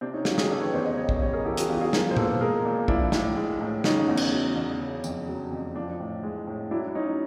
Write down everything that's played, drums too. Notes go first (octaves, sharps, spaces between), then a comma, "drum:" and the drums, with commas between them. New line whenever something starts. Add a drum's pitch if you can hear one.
C3 C4 D4
C#4 D#4
F#3 F4 G4, drum: snare
F#4 G#4, drum: snare
D#3 G4 A4
B4 C#5
E2 C5 D5
C#5 D#5
C#3 C#5 D#5
C#5 D#5, drum: kick
G3 C#5 D#5
G#4 A#4
E3 G4 A4
F#4 G#4, drum: hi-hat
E2 F4 G4
F#4 G#4
F3 G#4 A#4, drum: snare
C5
A#2 A4 B4, drum: tom A#2
G#3 G#4 A#4
A#2
F3 D4 E4, drum: kick
A2, drum: snare
G#3
A2
C#3 C#4 D#4, drum: snare
E2
drum: cymbal
F#3
E2
C#3
F2, drum: tambourine
F#3
F2
F3 C4 D4
A2
G#3
A2
F#3 D4 E4
F#3 C#4 D#4